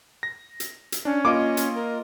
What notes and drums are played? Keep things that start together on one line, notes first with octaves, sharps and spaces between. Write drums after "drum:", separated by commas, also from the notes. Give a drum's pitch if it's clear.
A#6
drum: hi-hat
drum: hi-hat
C#4 D4
A#3 F4 D#5 D6
drum: hi-hat
A#4